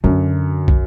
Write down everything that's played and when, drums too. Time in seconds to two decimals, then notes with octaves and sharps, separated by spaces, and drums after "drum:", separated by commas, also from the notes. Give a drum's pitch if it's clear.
0.04 F#2 D3
0.68 drum: kick